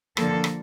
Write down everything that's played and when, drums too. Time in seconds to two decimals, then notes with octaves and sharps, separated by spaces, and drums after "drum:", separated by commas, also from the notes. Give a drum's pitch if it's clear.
0.17 D3 F3 A#3 A4, drum: rim click
0.44 drum: rim click